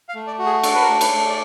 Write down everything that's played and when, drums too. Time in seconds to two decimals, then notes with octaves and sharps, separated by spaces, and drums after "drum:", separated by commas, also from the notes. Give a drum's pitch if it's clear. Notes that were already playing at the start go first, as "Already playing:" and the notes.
0.09 F5
0.15 A3
0.27 D5
0.39 F#4
0.46 G#4
0.63 D4 A4, drum: cymbal
0.75 B4
0.82 A#4
0.89 A3
1.01 B4, drum: cymbal
1.13 A3
1.29 D5